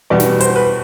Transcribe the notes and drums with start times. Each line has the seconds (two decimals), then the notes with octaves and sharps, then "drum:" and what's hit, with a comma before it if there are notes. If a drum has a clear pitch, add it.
0.10 E2 B2 G3 B3 D5
0.20 drum: snare
0.40 C5, drum: hi-hat
0.56 B4